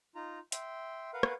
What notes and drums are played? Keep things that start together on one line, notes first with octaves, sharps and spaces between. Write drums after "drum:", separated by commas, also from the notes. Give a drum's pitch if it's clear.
D#4 F4 A#5
E5 G5 C6, drum: hi-hat
A#4 B4 F5 F#5
drum: rim click